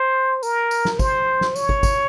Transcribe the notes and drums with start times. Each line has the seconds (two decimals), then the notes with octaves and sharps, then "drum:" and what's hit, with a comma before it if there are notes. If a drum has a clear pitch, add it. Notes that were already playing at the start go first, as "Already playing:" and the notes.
Already playing: C5
0.43 A#4, drum: tambourine
0.71 drum: tambourine
0.85 drum: snare
0.99 C5, drum: kick, tambourine
1.41 drum: snare
1.56 C#5, drum: tambourine
1.69 drum: kick
1.83 drum: kick, tambourine